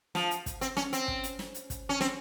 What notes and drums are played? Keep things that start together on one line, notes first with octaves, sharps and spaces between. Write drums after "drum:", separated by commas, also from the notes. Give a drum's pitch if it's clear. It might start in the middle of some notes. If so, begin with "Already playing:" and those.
F3, drum: snare
drum: hi-hat
drum: kick, hi-hat
C4, drum: hi-hat
C#4, drum: snare
C4, drum: hi-hat
drum: kick
drum: hi-hat
drum: snare
drum: hi-hat
drum: kick, hi-hat
C#4
C4, drum: snare